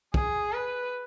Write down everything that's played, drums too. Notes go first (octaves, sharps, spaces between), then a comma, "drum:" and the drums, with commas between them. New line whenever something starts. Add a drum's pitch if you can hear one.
G#4, drum: kick
B4